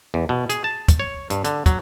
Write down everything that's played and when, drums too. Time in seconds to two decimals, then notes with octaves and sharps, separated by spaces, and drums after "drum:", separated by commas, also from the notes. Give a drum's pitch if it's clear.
0.14 E2
0.29 B2
0.49 G#4, drum: hi-hat
0.64 A5
0.88 drum: kick, hi-hat
1.00 C#5
1.30 G2, drum: hi-hat
1.44 D3, drum: hi-hat
1.66 F#3, drum: kick, hi-hat